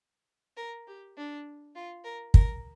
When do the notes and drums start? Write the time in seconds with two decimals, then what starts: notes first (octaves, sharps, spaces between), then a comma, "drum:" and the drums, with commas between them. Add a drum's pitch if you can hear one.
0.57 A#4
0.87 G4
1.17 D4
1.75 F4
2.04 A#4
2.34 A#4, drum: kick